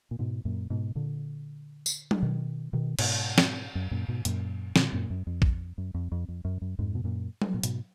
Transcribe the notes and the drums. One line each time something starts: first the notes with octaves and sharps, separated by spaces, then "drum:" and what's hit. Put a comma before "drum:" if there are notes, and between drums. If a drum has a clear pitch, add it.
A#2
G#2 B2
F#2 A#2
G#2 B2
A#2 D3
drum: tambourine
drum: tom F#3
B2 D#3
B2 D#3
G#2 B2, drum: cymbal
drum: snare
F#2
F#2 A#2
G#2 B2
F#2 A#2, drum: hi-hat
A#2 D3, drum: snare
F#2 A#2
F#2
F2
drum: kick
F#2
F2
F2
F2
F#2
F#2
F2 G#2
B2
F#2 A#2
drum: tom F#3
A#2
G#2 B2, drum: hi-hat